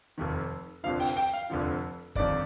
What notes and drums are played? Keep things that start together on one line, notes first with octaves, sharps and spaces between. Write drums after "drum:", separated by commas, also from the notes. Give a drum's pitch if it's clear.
F1 F2 D#3
F1 F2 D3 F3 F5
G5, drum: open hi-hat
G5
F5
F1 F2 D3 F3
G1 F2 D#3 D5, drum: kick